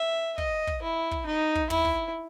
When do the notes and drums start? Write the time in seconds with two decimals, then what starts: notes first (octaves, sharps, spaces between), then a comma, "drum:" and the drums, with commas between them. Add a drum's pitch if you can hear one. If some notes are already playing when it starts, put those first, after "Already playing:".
Already playing: E5
0.38 D#5, drum: kick
0.67 drum: kick
0.82 E4
1.11 drum: kick
1.26 D#4
1.55 drum: kick
1.70 E4, drum: tom
1.85 drum: kick